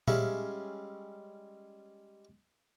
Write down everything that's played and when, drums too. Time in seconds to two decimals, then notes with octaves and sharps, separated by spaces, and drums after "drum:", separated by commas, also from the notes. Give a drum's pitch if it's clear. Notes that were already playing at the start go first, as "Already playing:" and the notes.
0.08 G3 G#3 C#4 E5 F5, drum: tom A#2